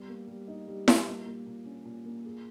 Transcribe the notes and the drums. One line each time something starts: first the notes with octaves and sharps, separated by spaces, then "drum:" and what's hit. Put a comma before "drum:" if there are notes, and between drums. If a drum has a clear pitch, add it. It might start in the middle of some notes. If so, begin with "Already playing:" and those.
Already playing: G3 B3
A#3
G3
D#4
G3
A#3, drum: snare E4
A#2
A#3
A#2
C#4
A#2
A#3
G#4